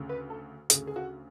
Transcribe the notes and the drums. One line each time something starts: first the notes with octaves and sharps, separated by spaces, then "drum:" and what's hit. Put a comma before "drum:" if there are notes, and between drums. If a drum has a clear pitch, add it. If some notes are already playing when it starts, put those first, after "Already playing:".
Already playing: D2 C#3
B4
A4
D2 C#3 G#4, drum: hi-hat
G#4
F#4